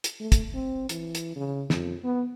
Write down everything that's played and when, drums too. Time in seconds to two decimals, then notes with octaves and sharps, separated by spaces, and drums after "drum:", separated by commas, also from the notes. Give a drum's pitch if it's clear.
0.04 drum: hi-hat
0.20 A3
0.32 drum: kick, hi-hat
0.54 C4
0.89 E3, drum: hi-hat
1.15 drum: hi-hat
1.36 C#3
1.70 F2, drum: snare
2.04 B3